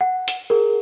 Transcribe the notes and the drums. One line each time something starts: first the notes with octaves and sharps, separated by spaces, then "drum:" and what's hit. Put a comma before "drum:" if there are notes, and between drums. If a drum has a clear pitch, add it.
F#5
drum: hi-hat
G#4 A#4